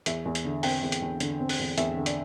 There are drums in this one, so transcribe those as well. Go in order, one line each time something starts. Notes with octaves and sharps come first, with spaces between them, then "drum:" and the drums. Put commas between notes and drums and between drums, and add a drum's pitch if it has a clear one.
E2 E5, drum: hi-hat
E2
drum: hi-hat
D3
C4 G5, drum: open hi-hat
E2
drum: hi-hat
E2
D3, drum: hi-hat
C4
drum: open hi-hat
E2
E2 E5, drum: hi-hat
D3
D5, drum: hi-hat